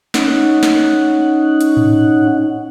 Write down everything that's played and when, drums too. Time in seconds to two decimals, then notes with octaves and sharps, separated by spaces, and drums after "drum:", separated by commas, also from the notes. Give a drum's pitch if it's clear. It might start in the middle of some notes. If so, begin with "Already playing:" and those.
0.14 C#4 D#4 F#5, drum: snare
0.63 drum: snare
1.61 drum: hi-hat
1.77 drum: tom G#2